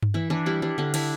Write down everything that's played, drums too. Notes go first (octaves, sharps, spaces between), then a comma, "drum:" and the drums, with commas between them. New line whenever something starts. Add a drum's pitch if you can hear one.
drum: tom G2
E3 E4
E3 D4
G3 E4
G3 D4
D3 D4
D4 E4, drum: cymbal